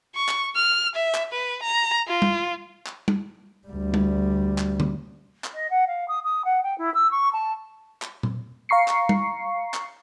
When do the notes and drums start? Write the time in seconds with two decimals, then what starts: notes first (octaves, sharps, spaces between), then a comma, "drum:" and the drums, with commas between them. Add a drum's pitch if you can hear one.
0.15 C#6
0.29 drum: clap
0.56 F6
0.96 E5
1.14 drum: clap
1.33 B4
1.63 A#5
2.07 F4
2.22 drum: tom
2.86 drum: clap
3.08 drum: tom
3.68 D2 G3
3.94 drum: tom
4.58 drum: clap
4.80 drum: tom D3
5.44 drum: clap
5.54 D#5
5.70 F#5
5.87 F5
6.08 D#6
6.24 D#6
6.45 F#5
6.63 G5
6.78 E4
6.94 E6
7.11 C#6
7.33 A5
8.02 drum: clap
8.23 drum: tom A#2
8.69 F5 A#5 C#6 C7 C#7
8.88 drum: clap
9.09 drum: tom
9.74 drum: clap